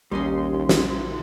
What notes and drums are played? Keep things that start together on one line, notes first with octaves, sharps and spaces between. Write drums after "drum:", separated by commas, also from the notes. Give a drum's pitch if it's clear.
A#1 D#2 G3 C#4 D#4 C6
drum: snare